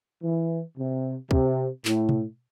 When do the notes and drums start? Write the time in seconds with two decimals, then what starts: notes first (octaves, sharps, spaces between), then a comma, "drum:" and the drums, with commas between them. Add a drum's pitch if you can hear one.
0.23 E3
0.78 C3
1.31 C3, drum: kick
1.85 A2, drum: clap
2.09 drum: tom B2